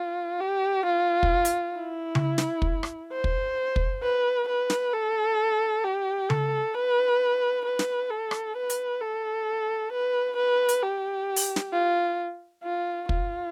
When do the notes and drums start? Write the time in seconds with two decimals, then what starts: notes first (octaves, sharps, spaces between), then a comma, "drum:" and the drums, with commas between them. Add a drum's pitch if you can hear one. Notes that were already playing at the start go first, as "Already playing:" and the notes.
Already playing: F4
0.41 G4
0.86 F4
1.23 drum: kick
1.45 drum: hi-hat
1.76 E4
2.15 drum: tom C#3
2.38 drum: snare
2.62 drum: kick
2.83 drum: rim click
3.12 C5
3.24 drum: kick
3.76 drum: kick
4.03 B4
4.48 B4
4.70 drum: snare
4.93 A4
5.84 G4
6.30 A4, drum: tom C#3
6.75 B4
7.65 B4
7.79 drum: snare
8.10 A4
8.31 drum: rim click
8.57 B4
8.70 drum: hi-hat
9.01 A4
9.92 B4
10.37 B4
10.69 drum: hi-hat
10.83 G4
11.36 drum: open hi-hat
11.56 drum: snare
11.73 F4
12.63 F4
13.09 F4, drum: kick